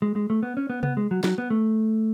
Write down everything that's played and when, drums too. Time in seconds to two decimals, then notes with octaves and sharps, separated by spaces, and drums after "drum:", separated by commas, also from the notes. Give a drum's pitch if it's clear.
0.02 G#3
0.16 G#3
0.30 A3
0.43 B3
0.57 C#4
0.70 B3
0.83 B3, drum: tom C3
0.97 G#3
1.11 F#3
1.24 F#3, drum: snare
1.38 B3
1.50 A3